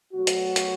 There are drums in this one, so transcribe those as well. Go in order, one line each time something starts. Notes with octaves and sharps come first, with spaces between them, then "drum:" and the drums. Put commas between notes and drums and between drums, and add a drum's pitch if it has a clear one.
B2 F#3 A3 F#4
drum: hi-hat
drum: hi-hat